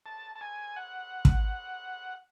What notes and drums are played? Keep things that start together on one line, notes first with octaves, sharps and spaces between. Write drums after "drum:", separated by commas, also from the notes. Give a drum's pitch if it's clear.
A5
A5
G#5
F#5
drum: kick